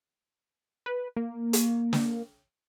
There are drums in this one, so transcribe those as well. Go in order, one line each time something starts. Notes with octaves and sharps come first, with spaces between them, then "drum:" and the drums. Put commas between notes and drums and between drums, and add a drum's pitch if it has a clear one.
B4
A#3
drum: hi-hat
drum: snare